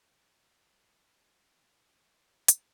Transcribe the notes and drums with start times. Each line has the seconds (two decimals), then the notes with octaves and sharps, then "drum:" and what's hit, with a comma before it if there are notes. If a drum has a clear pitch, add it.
0.24 G#6
0.44 G6
0.60 G#5
0.72 G3
0.90 G3
1.15 C5
1.57 C#3
1.80 D4
1.93 G6
2.07 C6
2.20 A#5
2.48 G#5, drum: hi-hat